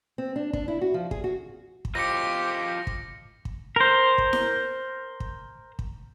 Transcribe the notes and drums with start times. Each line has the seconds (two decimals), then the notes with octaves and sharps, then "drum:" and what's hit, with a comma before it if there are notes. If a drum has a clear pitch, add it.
0.18 C4
0.36 D4
0.53 D4, drum: kick
0.68 E4
0.81 F#4
0.94 F3
1.11 G#4, drum: kick
1.24 F#4
1.85 drum: kick
1.95 F4 G4 C5 D#5 A#6 C#7
2.87 drum: kick
3.45 drum: kick
3.76 A#4 C5
4.18 drum: kick
4.33 drum: snare E4
5.20 drum: kick
5.79 drum: kick